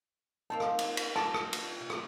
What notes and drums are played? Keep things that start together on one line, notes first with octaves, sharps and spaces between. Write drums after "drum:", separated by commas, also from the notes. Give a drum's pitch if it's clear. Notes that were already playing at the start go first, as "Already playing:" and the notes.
A#3 C4 D#4 A5
drum: rim click
drum: cymbal
drum: cymbal
A5, drum: rim click
drum: rim click
drum: cymbal
C3
drum: rim click